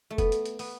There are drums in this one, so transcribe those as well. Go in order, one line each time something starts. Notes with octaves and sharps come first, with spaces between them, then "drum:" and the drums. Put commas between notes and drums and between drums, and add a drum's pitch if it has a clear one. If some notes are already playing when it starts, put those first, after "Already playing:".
A3
B3, drum: kick F1, hi-hat
drum: hi-hat
drum: hi-hat
B3, drum: open hi-hat